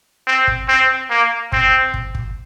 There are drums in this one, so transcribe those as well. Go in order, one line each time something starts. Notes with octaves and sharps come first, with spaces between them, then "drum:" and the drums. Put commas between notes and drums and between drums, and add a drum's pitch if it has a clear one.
C4
drum: kick
C4
A#3
C4, drum: kick
drum: kick
drum: kick